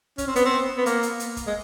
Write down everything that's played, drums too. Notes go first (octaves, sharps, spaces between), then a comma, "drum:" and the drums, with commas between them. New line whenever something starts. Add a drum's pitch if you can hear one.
C#4, drum: kick, hi-hat
C4
B3, drum: hi-hat
C4
B3
A#3, drum: hi-hat
drum: hi-hat
drum: hi-hat
drum: kick, hi-hat
G#3